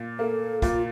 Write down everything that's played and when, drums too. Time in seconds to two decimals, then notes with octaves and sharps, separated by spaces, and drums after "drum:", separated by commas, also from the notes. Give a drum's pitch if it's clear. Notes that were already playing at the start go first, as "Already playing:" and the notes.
Already playing: A#2
0.19 A#3 A4
0.62 A#2 F4, drum: kick, hi-hat